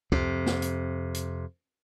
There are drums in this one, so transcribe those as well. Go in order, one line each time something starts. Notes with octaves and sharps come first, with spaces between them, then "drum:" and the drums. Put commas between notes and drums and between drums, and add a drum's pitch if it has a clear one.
F2 C3, drum: kick C#2
drum: snare
drum: hi-hat
drum: hi-hat